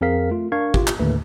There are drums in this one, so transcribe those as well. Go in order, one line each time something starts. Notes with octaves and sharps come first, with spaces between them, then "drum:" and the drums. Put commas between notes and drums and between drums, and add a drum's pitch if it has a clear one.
F2 C4 G#4 A#4 F5 B6
A3 F4
D4 A#4 F5 C#6 G#6
F4 G4, drum: kick G#1
drum: clap
D#2 A2 D3 A3 B4